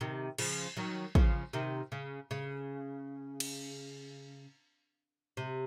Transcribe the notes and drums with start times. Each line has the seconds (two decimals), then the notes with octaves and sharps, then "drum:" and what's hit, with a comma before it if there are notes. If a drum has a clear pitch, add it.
0.01 C3 D#3
0.38 C#3 F3, drum: cymbal
0.77 D#3 F#3
1.15 C#3 F3, drum: kick
1.53 C3 D#3
1.92 C#3
2.31 C#3
3.40 drum: cymbal
5.37 C3